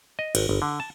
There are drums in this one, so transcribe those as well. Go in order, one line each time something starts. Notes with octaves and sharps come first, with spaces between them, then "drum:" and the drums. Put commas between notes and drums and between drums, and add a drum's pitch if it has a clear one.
D#5
G#1, drum: cymbal
G1
D3
A5